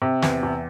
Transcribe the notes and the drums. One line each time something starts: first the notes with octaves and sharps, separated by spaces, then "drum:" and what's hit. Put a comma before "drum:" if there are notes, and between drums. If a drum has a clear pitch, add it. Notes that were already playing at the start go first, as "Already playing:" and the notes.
C3
E2, drum: snare
E2